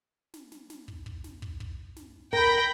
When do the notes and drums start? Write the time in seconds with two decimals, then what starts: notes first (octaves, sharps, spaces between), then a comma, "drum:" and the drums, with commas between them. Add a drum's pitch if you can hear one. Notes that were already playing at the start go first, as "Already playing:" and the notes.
0.34 drum: snare
0.52 drum: snare
0.70 drum: snare
0.88 drum: kick
1.06 drum: kick
1.24 drum: snare
1.42 drum: kick
1.60 drum: kick
1.96 drum: snare
2.33 A#4 G5 B5 G6 A#6, drum: kick